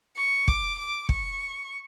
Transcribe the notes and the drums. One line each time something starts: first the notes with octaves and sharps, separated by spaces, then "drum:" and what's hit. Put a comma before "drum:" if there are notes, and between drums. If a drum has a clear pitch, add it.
C#6
D6, drum: kick
D6
C#6, drum: kick